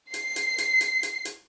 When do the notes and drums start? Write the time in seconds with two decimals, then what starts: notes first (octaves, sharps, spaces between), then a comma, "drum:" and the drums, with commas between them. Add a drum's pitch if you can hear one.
0.14 C7, drum: hi-hat
0.36 drum: hi-hat
0.58 drum: hi-hat
0.81 drum: hi-hat
1.03 drum: hi-hat
1.25 drum: hi-hat